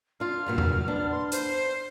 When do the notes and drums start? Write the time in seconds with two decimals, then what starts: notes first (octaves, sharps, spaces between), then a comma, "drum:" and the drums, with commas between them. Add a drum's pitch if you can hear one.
0.20 D4 F4 F6
0.46 G2 A#2 F#3
0.58 drum: tom E2
0.88 B3 D4
1.11 C6
1.32 C5, drum: hi-hat